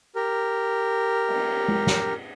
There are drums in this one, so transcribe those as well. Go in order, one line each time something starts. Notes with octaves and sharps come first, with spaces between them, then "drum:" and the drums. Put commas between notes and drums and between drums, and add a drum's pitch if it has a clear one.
G4 A#4
drum: cymbal
drum: tom G#3
drum: snare